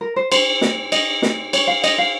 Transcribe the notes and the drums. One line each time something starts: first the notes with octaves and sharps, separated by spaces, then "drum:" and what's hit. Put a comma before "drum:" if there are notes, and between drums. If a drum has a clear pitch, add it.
A#4
C5
C5, drum: cymbal
drum: snare
D#5, drum: cymbal
drum: snare
C#5, drum: cymbal
F5
D#5, drum: cymbal
F5